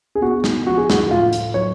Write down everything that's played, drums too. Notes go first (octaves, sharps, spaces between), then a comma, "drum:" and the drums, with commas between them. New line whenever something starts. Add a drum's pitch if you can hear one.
G#4
B3 F#4
drum: snare
F3 F#4
G#4
F#4, drum: snare
A2 F4
drum: hi-hat
F#3 C#5